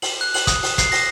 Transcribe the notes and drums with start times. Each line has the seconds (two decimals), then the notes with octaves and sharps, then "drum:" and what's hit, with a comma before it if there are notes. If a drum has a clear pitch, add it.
0.02 F#7, drum: open hi-hat
0.21 F#6
0.34 F#7, drum: open hi-hat
0.47 D#6, drum: kick, hi-hat
0.63 drum: open hi-hat
0.78 C7, drum: kick, hi-hat
0.92 A#6, drum: open hi-hat